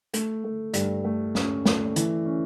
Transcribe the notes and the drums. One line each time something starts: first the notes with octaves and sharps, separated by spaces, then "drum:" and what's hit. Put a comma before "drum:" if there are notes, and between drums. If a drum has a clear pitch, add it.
A3, drum: hi-hat
A3
G2, drum: hi-hat
A3
C#4, drum: snare
A3, drum: snare
E3, drum: hi-hat
C#4